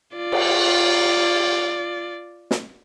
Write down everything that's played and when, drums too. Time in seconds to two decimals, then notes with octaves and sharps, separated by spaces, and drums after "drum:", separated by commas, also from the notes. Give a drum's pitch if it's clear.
0.16 F4 D5
0.32 drum: cymbal
2.51 drum: snare